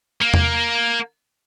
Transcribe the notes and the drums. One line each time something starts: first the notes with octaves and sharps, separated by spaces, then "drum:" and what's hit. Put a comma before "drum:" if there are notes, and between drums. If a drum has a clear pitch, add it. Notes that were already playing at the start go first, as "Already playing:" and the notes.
A#3
drum: tom E2